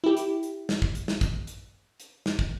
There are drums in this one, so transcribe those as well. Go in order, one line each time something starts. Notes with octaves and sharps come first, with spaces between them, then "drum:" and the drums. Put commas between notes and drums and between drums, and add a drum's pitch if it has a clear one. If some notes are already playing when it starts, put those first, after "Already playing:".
E4 G4
drum: hi-hat
drum: hi-hat
drum: snare
drum: kick
drum: hi-hat
drum: snare
drum: kick, hi-hat
drum: hi-hat
drum: hi-hat
drum: snare
drum: kick